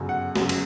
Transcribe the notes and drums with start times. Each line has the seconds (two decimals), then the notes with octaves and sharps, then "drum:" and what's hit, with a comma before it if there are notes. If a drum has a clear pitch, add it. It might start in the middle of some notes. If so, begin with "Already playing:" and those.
Already playing: G1 F#2 C#3 F#3
0.09 F#5
0.36 G1 F#2 C#3 F#3, drum: snare
0.49 drum: cymbal